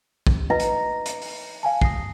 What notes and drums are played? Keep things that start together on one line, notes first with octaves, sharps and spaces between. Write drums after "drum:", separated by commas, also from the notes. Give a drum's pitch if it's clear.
drum: kick
B4 D#5 A#5
drum: hi-hat
drum: hi-hat
drum: open hi-hat
F5 G#5 A5
D#6 A#6 C7, drum: kick